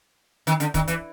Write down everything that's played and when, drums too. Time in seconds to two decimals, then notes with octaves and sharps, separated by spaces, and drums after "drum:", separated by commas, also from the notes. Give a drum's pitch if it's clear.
0.47 D#3, drum: hi-hat
0.60 D3, drum: hi-hat
0.74 D#3, drum: kick, hi-hat
0.88 E3, drum: hi-hat